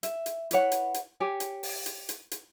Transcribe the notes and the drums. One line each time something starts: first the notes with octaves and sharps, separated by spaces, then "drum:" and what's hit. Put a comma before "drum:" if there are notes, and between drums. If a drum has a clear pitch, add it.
E5, drum: hi-hat
drum: hi-hat
E4 B4 C#5 F#5, drum: hi-hat
drum: hi-hat
drum: hi-hat
G4 C#5 G#5
drum: hi-hat
drum: open hi-hat
drum: hi-hat
drum: hi-hat
drum: hi-hat